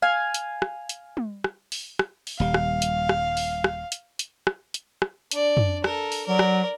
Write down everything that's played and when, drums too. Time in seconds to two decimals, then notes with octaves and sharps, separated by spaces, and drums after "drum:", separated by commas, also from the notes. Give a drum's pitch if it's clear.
0.02 F5 G#5
0.34 drum: hi-hat
0.62 drum: rim click
0.89 drum: hi-hat
1.17 drum: tom
1.44 drum: rim click
1.72 drum: open hi-hat
1.99 drum: rim click
2.27 drum: open hi-hat
2.40 D#1 G3 F5
2.54 drum: rim click
2.82 drum: hi-hat
3.09 drum: rim click
3.37 drum: open hi-hat
3.64 drum: rim click
3.92 drum: hi-hat
4.19 drum: hi-hat
4.47 drum: rim click
4.74 drum: hi-hat
5.02 drum: rim click
5.31 D4 D5, drum: hi-hat
5.57 drum: tom
5.84 A4 A#4, drum: rim click
6.12 drum: open hi-hat
6.27 F#3 A#4 D5
6.39 drum: rim click